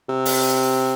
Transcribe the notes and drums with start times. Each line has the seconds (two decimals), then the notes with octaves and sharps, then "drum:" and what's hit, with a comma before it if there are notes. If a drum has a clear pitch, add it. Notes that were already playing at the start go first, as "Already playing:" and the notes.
0.09 C3
0.25 drum: open hi-hat